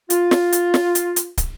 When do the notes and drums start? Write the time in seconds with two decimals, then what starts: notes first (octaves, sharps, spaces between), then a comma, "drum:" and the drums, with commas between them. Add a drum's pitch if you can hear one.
0.10 F4, drum: hi-hat
0.31 drum: snare
0.52 drum: hi-hat
0.74 drum: snare
0.95 drum: hi-hat
1.16 drum: hi-hat
1.38 drum: kick, hi-hat